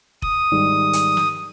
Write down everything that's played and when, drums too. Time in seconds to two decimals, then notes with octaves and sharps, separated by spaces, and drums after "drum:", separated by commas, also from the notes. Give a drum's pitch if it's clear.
0.22 D#6, drum: kick F1
0.51 G#2 D#3 G3
0.93 drum: hi-hat
1.17 drum: snare